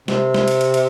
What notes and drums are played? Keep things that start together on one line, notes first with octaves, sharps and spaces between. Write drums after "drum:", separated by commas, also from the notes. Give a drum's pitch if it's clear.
C3, drum: snare
drum: snare
drum: cymbal
drum: cymbal
drum: cymbal